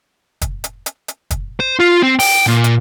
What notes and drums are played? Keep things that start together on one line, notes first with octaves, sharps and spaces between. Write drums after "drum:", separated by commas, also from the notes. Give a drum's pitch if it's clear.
drum: kick, hi-hat
drum: hi-hat
drum: hi-hat
drum: hi-hat
drum: kick, hi-hat
C5
F4
C4
G5, drum: open hi-hat
A#2
drum: hi-hat